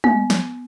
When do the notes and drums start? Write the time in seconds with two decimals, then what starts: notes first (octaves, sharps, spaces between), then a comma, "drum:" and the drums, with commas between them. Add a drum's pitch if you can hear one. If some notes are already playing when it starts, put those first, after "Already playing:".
0.04 B3, drum: tom
0.30 drum: snare